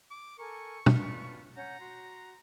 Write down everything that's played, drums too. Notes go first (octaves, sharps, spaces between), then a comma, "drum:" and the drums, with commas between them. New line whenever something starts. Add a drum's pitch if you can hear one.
D6
A4 A#4 G#5 C#6
D4 F4 B4, drum: tom
C#4 F#5 A#5 G6
F#4 C6